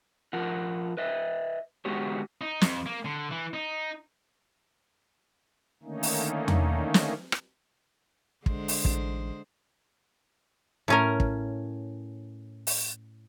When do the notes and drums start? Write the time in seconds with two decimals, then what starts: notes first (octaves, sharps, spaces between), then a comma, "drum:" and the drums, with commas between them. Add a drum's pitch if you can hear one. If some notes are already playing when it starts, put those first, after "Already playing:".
0.33 F3 F4 A#4 F#5
0.97 B4 D#5 E5
1.85 D3 G#3 B3 F#4 G4 C#5
2.41 D#4
2.61 F2, drum: snare
2.86 A#3
3.05 D3
3.31 E3
3.54 D#4
5.83 D3 D#3 A3 A#3 C#4 D#4
6.03 drum: open hi-hat
6.48 drum: tom E2
6.94 drum: snare
7.32 drum: rim click
8.46 D3 G#3 C5, drum: kick
8.68 drum: open hi-hat
8.85 A1, drum: kick
10.88 A2 C#4 A#4
11.20 drum: kick
12.67 drum: open hi-hat